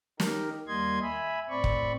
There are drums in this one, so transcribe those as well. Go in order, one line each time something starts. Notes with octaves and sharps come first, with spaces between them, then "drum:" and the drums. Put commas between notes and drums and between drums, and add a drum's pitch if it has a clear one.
D#4 G4 A#4, drum: snare
D#2 G3 A#3 D#5 C6 G#6
E5 G#5 B5
A2 C4 D5 B5 C#6
drum: kick